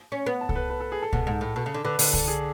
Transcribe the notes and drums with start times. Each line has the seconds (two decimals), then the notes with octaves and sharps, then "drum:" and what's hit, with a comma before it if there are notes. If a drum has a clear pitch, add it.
0.12 C#4
0.26 B3
0.41 A5
0.49 A4, drum: kick C2
0.56 B4
0.70 B4
0.80 A4
0.92 G#4
1.02 A4
1.13 B2, drum: kick C2
1.27 G#2
1.41 A2
1.56 B2 A4
1.66 C#3
1.74 D3
1.85 D3 B4
1.99 D3, drum: open hi-hat
2.13 A4, drum: kick C2
2.28 G#4